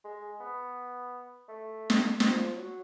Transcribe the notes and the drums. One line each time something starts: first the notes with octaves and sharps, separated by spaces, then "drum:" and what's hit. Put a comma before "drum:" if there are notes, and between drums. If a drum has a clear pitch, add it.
G#3
B3
A3
drum: snare
F3, drum: snare
F#3